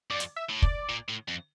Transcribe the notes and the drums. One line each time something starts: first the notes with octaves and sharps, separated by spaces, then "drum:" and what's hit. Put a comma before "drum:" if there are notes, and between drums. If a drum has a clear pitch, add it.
F2 D5
drum: hi-hat
E5
A2
D5, drum: kick
A#2
A2
F2